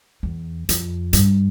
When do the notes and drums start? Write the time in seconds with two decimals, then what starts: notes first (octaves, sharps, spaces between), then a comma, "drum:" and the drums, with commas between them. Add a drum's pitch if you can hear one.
0.23 E2
0.69 F2, drum: hi-hat
1.13 G2, drum: hi-hat